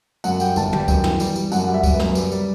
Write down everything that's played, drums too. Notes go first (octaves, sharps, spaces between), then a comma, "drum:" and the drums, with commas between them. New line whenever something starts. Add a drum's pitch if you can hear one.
F#2 F#5, drum: tambourine
G3 G5, drum: tambourine
G1 A5, drum: tambourine
G3 G5, drum: tom
F#2 G5, drum: kick C#2, tambourine
E3, drum: snare
G3, drum: tambourine
G3, drum: tambourine
F#2 F#5, drum: tambourine
G3 F#5
E5
F#2, drum: kick C#2, tambourine
B4
F#2, drum: snare
G3, drum: tambourine
G3, drum: tambourine